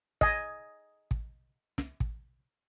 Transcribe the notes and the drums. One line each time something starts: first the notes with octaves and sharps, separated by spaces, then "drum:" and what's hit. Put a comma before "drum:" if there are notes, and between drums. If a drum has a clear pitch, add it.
D#5 G#5, drum: kick
drum: kick
drum: snare
drum: kick